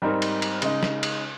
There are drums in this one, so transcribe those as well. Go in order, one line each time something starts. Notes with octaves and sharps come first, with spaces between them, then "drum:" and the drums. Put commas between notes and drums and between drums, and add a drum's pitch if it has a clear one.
G#2 G3 C4 D#4 A#4
drum: cymbal
drum: cymbal
C#3 G#3 D#4, drum: cymbal
drum: snare
drum: cymbal